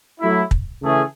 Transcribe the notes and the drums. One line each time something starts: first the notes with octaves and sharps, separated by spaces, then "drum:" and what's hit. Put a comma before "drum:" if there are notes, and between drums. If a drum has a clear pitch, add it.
F#3 A3 E4
drum: kick
C#3 E3 A3 C#4 G#4